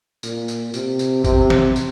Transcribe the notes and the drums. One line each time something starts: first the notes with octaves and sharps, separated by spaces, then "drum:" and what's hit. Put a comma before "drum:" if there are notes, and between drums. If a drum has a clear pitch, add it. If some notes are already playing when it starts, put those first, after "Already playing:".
A#2, drum: tambourine
drum: tambourine
C3, drum: tambourine
drum: tambourine
C3, drum: kick, tambourine
drum: snare
drum: tambourine